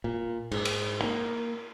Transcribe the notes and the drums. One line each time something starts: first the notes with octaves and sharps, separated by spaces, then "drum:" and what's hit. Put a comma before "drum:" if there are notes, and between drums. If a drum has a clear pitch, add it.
A#2
G#2, drum: cymbal
drum: cymbal
A#3